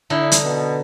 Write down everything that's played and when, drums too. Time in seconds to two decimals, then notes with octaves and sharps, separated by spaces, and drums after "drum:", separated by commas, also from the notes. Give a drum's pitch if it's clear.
0.10 D3 D#4 E4
0.32 drum: hi-hat
0.44 B2